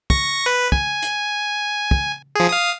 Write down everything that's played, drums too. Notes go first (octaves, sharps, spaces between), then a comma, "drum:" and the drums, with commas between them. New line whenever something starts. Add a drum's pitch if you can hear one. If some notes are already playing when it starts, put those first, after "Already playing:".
C#6 A#6, drum: kick
B4
G#5, drum: kick
drum: hi-hat
drum: kick
F3 G#4
F5 D#6